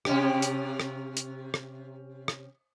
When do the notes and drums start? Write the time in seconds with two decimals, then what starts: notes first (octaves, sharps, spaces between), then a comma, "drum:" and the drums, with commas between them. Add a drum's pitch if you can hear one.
0.05 C3 C#4 G4, drum: rim click
0.42 drum: hi-hat
0.80 drum: rim click
1.17 drum: hi-hat
1.54 drum: rim click
2.28 drum: rim click